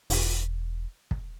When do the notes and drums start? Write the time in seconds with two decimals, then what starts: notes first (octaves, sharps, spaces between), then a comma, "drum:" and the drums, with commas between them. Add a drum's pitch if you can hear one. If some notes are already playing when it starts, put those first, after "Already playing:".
0.10 E1, drum: open hi-hat
1.11 drum: kick